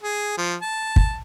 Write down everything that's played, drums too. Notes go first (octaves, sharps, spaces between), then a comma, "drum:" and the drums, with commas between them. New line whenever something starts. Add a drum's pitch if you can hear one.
G#4
F3
A5
drum: kick